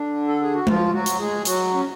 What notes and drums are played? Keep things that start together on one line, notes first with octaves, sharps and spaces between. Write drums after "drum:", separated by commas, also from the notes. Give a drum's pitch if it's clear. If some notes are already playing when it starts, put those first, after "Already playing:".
Already playing: D3 D4
A4
G#4
F#4
F3 F4, drum: tom G#3
F#3 F#4
drum: hi-hat
G#3 G#4
F#3 F#4, drum: hi-hat
C#4